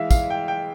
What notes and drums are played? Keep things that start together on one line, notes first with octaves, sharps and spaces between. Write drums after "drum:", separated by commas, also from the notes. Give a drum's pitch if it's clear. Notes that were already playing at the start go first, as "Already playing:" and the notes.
Already playing: E3 G#3 E4 E5 F5
F5, drum: kick, tambourine
G5
G5